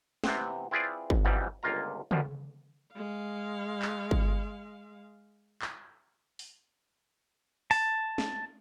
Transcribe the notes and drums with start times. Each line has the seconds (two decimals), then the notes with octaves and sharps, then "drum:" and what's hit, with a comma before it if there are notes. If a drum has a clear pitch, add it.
0.24 C3 E3 B3 C4, drum: snare
0.71 C4 E4 F4 G#4 B4 D5
1.10 drum: kick G1
1.25 F2 G#2 C#3 E3 F#3 G3
1.63 G1 C#2 A#3 F4 A#5
2.11 D2 G2 B2 F3, drum: tom C#3
2.95 G#3 F5
3.82 drum: clap
4.11 drum: kick G1
5.62 drum: clap
6.39 drum: open hi-hat
7.71 A5, drum: open hi-hat
8.18 drum: snare